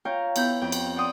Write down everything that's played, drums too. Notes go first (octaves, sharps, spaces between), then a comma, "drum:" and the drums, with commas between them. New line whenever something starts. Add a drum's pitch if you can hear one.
F4 C#5 F5 G5 A#5
B3 E4 G6, drum: cymbal
F2 G5
drum: cymbal
D5 F#5 G5 C6 D#6